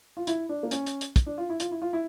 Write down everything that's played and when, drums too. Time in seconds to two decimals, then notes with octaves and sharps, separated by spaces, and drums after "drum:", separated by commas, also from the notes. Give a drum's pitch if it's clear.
0.17 F4
0.27 E4, drum: hi-hat
0.49 D4
0.63 A#3
0.71 C#4, drum: hi-hat
0.86 drum: hi-hat
1.01 drum: hi-hat
1.16 drum: kick, hi-hat
1.26 D4
1.38 F4
1.50 E4
1.60 F4, drum: hi-hat
1.72 E4
1.82 F4
1.93 E4